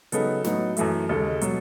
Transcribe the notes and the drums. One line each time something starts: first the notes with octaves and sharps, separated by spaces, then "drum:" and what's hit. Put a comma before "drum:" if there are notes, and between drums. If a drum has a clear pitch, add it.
C#3 F#3 B3 D#4 A4, drum: hi-hat
A2 F#3 B3 D#4, drum: snare
F#2 E3 A3, drum: hi-hat
D#2 C#3 G#3 A4
B2 F#3, drum: hi-hat